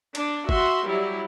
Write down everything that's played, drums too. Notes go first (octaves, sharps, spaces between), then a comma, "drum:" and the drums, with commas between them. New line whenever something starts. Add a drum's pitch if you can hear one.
D4, drum: cymbal
F#4 E5 C6, drum: kick
F#3 G3 E4